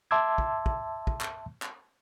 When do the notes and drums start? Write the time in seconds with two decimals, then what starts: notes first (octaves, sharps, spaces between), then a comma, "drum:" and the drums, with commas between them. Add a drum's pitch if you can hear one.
0.11 E5 A5 C6 D6 E6 G#6
0.38 drum: kick
0.66 drum: kick
1.07 drum: kick
1.21 drum: clap
1.62 drum: clap